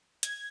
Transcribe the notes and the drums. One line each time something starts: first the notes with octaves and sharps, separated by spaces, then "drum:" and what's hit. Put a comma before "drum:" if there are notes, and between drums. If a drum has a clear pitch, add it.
G#6, drum: hi-hat